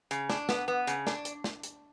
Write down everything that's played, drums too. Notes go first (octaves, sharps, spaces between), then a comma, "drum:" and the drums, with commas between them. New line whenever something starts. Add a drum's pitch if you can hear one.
C#3, drum: hi-hat
D4, drum: snare
B3, drum: snare
B3
C#3, drum: hi-hat
D4, drum: snare
drum: hi-hat
drum: snare
drum: hi-hat